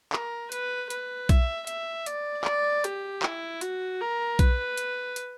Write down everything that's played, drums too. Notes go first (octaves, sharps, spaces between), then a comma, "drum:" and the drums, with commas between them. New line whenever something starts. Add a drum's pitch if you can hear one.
A#4, drum: clap
B4, drum: hi-hat
B4, drum: hi-hat
E5, drum: kick B1, hi-hat
E5, drum: hi-hat
D5, drum: hi-hat
D5, drum: clap
G4, drum: hi-hat
E4, drum: clap
F#4, drum: hi-hat
A#4
B4, drum: kick B1, hi-hat
drum: hi-hat
drum: hi-hat